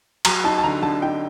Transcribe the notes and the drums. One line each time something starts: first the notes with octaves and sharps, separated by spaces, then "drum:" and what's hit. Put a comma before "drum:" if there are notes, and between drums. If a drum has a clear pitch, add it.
F#3 A#5, drum: cymbal
D#4 A5
A5
D3 A#5
D3 A5
D#4 G5